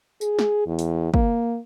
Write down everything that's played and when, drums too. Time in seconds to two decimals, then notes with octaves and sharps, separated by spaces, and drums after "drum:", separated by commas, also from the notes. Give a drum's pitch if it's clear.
0.21 G#4, drum: tambourine
0.39 drum: snare
0.67 E2
0.79 drum: hi-hat
1.14 A#3, drum: kick